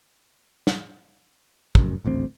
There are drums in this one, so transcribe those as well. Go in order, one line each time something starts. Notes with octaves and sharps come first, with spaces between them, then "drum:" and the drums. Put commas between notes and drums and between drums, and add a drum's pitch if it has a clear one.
drum: snare
F1 F#2, drum: kick
D#1 A1 D2 C4